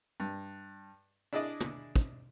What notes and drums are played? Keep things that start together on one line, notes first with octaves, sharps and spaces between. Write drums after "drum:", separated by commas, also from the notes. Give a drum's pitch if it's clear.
G2
D4 E4 G#4 D5 D#5
drum: tom
drum: kick